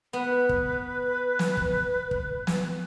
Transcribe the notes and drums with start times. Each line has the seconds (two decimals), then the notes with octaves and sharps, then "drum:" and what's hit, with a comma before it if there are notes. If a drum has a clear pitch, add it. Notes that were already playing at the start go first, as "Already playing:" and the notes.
0.13 B3 B4
0.49 drum: kick
1.39 drum: snare
1.57 drum: kick
2.11 drum: kick
2.47 drum: snare